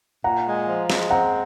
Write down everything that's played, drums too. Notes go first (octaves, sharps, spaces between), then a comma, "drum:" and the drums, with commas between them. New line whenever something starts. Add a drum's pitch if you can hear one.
A#2 F#5 A#5
G#3
F3
G#3, drum: snare
C4 F#5 A#5